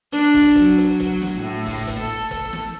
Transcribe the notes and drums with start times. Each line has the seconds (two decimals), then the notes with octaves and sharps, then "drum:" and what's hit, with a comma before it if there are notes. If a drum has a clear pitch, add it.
0.12 D4, drum: hi-hat
0.34 drum: kick, open hi-hat
0.55 F#3, drum: kick, hi-hat
0.78 drum: hi-hat
1.00 drum: kick, hi-hat
1.22 drum: snare
1.40 A2
1.65 drum: kick, open hi-hat
1.87 drum: kick, hi-hat
1.99 A4
2.31 drum: kick, hi-hat
2.53 drum: snare